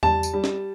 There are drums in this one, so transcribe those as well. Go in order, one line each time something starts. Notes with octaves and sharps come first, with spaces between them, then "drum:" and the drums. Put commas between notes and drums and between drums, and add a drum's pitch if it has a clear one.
G3 A5, drum: tom E2
drum: tambourine
G3
drum: snare